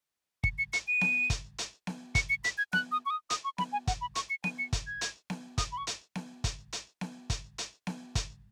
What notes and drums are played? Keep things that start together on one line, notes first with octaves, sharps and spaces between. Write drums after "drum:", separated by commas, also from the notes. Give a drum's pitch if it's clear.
C#7, drum: kick
C#7
C#7, drum: hi-hat
D#7
drum: snare B3
drum: kick, hi-hat
drum: hi-hat
drum: snare B3
C#7, drum: kick, hi-hat
C#7
B6, drum: hi-hat
G#6
F#6, drum: snare B3
D#6
C#6
D#6
D#6, drum: hi-hat
C#6
B5, drum: snare B3
G#5
F#5, drum: kick, hi-hat
B5
C#6, drum: hi-hat
C#7
D#7, drum: snare B3
C#7
drum: kick, hi-hat
G#6
drum: hi-hat
drum: snare B3
D#6, drum: kick, hi-hat
B5
C#6
drum: hi-hat
drum: snare B3
drum: kick, hi-hat
drum: hi-hat
drum: snare B3
drum: kick, hi-hat
drum: hi-hat
drum: snare B3
drum: kick, hi-hat